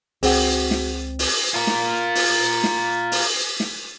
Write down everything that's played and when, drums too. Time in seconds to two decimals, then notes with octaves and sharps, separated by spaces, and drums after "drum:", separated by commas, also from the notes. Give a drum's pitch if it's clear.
0.23 C#2 C4 F#4 G#4 F#5, drum: open hi-hat
0.71 drum: snare
1.19 drum: open hi-hat
1.54 F4 A#4
1.67 drum: snare
2.15 drum: open hi-hat
2.64 drum: snare
3.12 drum: open hi-hat
3.60 drum: snare